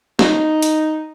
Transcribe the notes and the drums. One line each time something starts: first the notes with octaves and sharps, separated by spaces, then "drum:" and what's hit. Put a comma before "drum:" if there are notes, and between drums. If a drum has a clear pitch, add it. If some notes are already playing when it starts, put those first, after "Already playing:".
D#4, drum: snare B3
drum: hi-hat